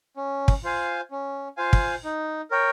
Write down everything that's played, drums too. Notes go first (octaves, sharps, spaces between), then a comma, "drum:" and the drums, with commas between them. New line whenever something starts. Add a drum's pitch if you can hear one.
C#4
drum: kick
F4 C5 F5 G#5
C#4
F4 C5 F5 G#5
drum: kick
D#4
A#4 C#5 G5